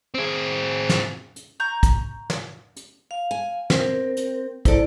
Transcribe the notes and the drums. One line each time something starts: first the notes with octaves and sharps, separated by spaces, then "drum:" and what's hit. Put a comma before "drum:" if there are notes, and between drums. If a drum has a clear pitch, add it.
C4 G#4
drum: snare
drum: hi-hat
A#5 C#6 G6
drum: kick, hi-hat
drum: snare
drum: hi-hat
F5
G#5
C4 A#4, drum: snare
drum: hi-hat
C3 E4 A4 D5, drum: kick, hi-hat